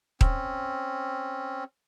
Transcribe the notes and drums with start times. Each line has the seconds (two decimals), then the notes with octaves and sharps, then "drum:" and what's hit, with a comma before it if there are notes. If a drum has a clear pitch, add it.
0.21 C4 C#4, drum: kick D#1